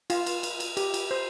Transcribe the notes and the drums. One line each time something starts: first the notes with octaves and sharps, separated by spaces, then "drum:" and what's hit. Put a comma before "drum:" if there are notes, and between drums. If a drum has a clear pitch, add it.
F4, drum: cymbal
drum: cymbal
drum: cymbal
drum: cymbal
G4, drum: cymbal
drum: cymbal
C5